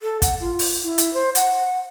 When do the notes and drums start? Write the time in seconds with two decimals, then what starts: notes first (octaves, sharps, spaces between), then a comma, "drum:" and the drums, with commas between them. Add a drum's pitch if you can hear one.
0.01 A4
0.22 F#5, drum: kick, hi-hat
0.40 F4
0.59 drum: open hi-hat
0.84 E4
0.98 drum: hi-hat
1.14 C5
1.35 F#5, drum: hi-hat